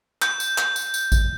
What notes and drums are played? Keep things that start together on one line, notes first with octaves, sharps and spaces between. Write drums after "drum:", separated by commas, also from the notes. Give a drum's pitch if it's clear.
G6, drum: clap
drum: tambourine
drum: clap
drum: tambourine
drum: tambourine
drum: kick G#1, tambourine